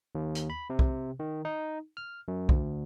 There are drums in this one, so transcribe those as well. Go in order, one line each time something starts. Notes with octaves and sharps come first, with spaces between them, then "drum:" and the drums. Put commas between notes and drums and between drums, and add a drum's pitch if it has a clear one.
D#2
drum: hi-hat
B5
C3
drum: kick B1
D#3
D#4
F6
F#2
D2, drum: kick B1